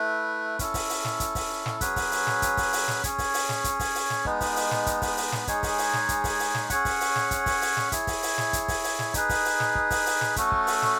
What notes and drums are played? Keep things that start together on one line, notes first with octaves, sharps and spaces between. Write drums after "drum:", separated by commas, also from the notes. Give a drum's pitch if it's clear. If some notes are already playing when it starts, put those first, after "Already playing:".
Already playing: A3 E4 B4
C#4 E4 A4, drum: kick, hi-hat
drum: kick, open hi-hat
drum: open hi-hat
drum: snare
drum: kick, hi-hat
drum: kick, open hi-hat
drum: snare
F#3 C#4 G#4 B4, drum: kick, hi-hat
drum: kick, open hi-hat
drum: open hi-hat
drum: snare
drum: kick, hi-hat
drum: kick, open hi-hat
drum: open hi-hat
drum: snare
C#4 G#4 C#5, drum: kick, hi-hat
drum: kick, open hi-hat
drum: open hi-hat
drum: snare
drum: kick, hi-hat
drum: kick, open hi-hat
drum: open hi-hat
drum: snare
G#3 B3 D#4, drum: kick
drum: kick, open hi-hat
drum: open hi-hat
drum: snare
drum: kick, hi-hat
drum: kick, open hi-hat
drum: open hi-hat
drum: snare
G#3 D#4 G#4 C#5, drum: kick, hi-hat
drum: kick, open hi-hat
drum: open hi-hat
drum: snare
drum: kick, hi-hat
drum: kick, open hi-hat
drum: open hi-hat
drum: snare
C#4 G#4 C#5 F#5, drum: kick, hi-hat
drum: kick, open hi-hat
drum: open hi-hat
drum: snare
drum: kick, hi-hat
drum: kick, open hi-hat
drum: open hi-hat
drum: snare
E4 G#4 C#5, drum: kick, hi-hat
drum: kick, open hi-hat
drum: open hi-hat
drum: snare
drum: kick, hi-hat
drum: kick, open hi-hat
drum: open hi-hat
drum: snare
D#4 G#4 B4, drum: kick, hi-hat
drum: kick, open hi-hat
drum: open hi-hat
drum: snare
drum: kick
drum: kick, open hi-hat
drum: open hi-hat
drum: snare
A3 C#4 F#4 A4, drum: kick, hi-hat
drum: kick
drum: open hi-hat
drum: snare